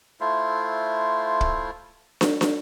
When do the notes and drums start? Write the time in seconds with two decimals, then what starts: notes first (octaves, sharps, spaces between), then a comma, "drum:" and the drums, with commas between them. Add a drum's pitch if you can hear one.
0.20 A3 E4 F4 C5
1.41 drum: kick
2.21 drum: snare
2.41 drum: snare